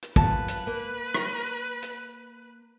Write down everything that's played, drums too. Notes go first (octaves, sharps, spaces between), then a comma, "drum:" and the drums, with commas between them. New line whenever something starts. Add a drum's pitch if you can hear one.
drum: hi-hat
F#2 F4 B4 A5, drum: kick
drum: hi-hat
A#3
drum: rim click
drum: hi-hat